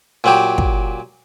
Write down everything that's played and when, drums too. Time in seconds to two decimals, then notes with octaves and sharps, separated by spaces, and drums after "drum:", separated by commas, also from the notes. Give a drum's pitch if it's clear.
0.24 A#2 F#3 G4
0.58 drum: kick